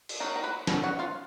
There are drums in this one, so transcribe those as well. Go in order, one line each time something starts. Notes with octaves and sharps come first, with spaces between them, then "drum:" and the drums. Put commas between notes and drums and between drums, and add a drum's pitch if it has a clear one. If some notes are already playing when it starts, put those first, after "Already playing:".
drum: cymbal
F#3 B3 D#4 A#4 A#5
A#5
B4 B5
F#3 B3 D#4 A#4 A#5, drum: snare
F#4 F#5
F4 F5